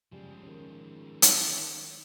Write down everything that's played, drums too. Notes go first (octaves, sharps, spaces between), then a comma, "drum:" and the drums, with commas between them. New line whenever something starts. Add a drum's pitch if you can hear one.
C#3 F3 G3 G#3
D#3 C#4
drum: hi-hat